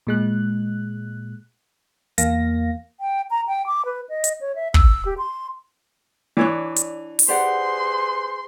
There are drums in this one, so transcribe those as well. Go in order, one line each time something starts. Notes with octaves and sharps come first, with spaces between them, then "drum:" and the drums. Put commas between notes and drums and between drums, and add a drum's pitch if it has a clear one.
A#2 G#3 F#6
E2 A#3 F5 A#6, drum: hi-hat
G5
A#5
G5
D6
B4
D#5
drum: hi-hat
C#5
E5
E6, drum: kick
G4
C6
E3 D4 C#5 D5
drum: hi-hat
drum: open hi-hat
G4 G#4 B4 C5 D5 F#5 C6